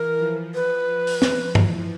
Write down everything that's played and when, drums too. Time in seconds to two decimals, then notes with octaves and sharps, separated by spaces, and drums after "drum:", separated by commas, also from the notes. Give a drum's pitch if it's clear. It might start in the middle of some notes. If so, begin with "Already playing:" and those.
Already playing: E3 A#4
0.20 F3
0.54 B4
0.88 F3
1.07 drum: open hi-hat
1.22 F3, drum: snare
1.55 E3, drum: tom